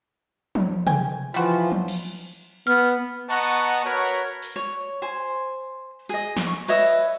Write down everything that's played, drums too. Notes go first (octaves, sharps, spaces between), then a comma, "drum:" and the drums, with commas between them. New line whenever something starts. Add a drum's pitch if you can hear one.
drum: tom F3
G5 G#5, drum: tom C3
E3 F3 G3 F4 F#4
drum: tom F3
drum: cymbal
B3 F6
B3 D#5 F#5 A5 A#5 C#6
F#4 A#4 B4 C#5
drum: hi-hat
drum: open hi-hat
C#5
C5 G#5
G#4 D#5, drum: hi-hat
drum: snare
C#6
B4 C#5 D#5 E5, drum: open hi-hat